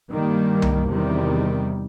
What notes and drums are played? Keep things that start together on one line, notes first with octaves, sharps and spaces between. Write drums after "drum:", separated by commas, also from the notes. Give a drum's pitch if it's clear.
G2 D#3 G3 A#3
drum: tom C2
E2 C3 D#3 G3